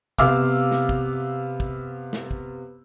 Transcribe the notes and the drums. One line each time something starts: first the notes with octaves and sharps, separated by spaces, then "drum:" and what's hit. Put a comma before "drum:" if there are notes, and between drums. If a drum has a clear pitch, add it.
C3 B3 F5 D6 E6 F6, drum: kick
drum: snare
drum: kick
drum: kick
drum: snare
drum: kick